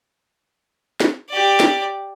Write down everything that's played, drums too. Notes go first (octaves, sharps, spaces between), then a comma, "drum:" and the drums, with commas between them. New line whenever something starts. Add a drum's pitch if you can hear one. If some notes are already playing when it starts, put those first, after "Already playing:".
drum: snare
G4 D5
drum: snare